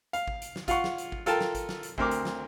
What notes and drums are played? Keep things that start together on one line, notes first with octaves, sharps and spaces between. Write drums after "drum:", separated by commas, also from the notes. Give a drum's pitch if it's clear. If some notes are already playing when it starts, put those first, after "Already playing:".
F5, drum: hi-hat
drum: kick G#1
drum: hi-hat
drum: snare
F4 F5 F#5 C#6, drum: kick G#1, hi-hat
drum: snare
drum: hi-hat
drum: kick G#1
F4 A4 A#4 G5 A5, drum: hi-hat
drum: snare
drum: kick G#1, hi-hat
drum: snare
drum: hi-hat
D2 C4 A#4 D6, drum: kick G#1
drum: hi-hat
drum: snare